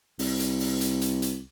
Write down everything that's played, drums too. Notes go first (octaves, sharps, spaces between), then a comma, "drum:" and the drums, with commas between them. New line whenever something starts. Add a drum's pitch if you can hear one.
C2, drum: open hi-hat
drum: hi-hat
drum: open hi-hat
drum: hi-hat
drum: hi-hat
drum: hi-hat